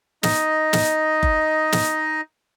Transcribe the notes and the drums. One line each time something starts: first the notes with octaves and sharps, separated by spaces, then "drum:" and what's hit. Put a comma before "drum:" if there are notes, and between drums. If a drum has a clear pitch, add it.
D#4 D#5, drum: snare
drum: snare
drum: kick F#1
drum: snare